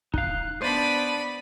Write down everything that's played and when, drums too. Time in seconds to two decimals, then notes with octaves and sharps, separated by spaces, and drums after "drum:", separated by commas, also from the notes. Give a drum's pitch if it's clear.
0.14 D#4 F5 F#6, drum: kick
0.62 B3 D4 C5 D5 B5 D#7